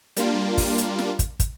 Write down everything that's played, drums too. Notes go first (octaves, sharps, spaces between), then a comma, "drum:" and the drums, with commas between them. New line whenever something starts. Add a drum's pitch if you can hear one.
G3 A#3 D4 F4, drum: hi-hat
drum: kick, open hi-hat
drum: hi-hat
drum: snare
drum: kick, hi-hat
drum: kick, hi-hat